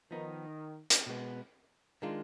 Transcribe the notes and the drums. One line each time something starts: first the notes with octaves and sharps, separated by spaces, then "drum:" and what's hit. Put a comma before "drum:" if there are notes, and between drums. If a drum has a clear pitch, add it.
D#3 F3 B3 D#4
drum: hi-hat
B2 G#3 B3
D#3 G#3 D4 F4